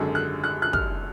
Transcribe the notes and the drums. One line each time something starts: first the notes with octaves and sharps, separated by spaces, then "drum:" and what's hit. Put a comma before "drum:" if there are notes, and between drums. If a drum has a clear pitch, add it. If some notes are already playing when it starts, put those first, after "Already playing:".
Already playing: G#1 F#2 D3 G#3
F#6
F#6
F#6
F6, drum: kick